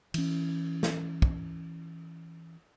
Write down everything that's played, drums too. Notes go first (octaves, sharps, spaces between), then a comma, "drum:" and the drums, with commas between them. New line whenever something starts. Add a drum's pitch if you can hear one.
E3 C#4, drum: cymbal
drum: snare
drum: kick